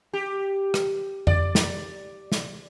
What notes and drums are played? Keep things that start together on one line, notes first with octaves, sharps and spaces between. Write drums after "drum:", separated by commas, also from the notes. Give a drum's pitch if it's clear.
G4
drum: rim click
D5, drum: tom F2
drum: snare
drum: snare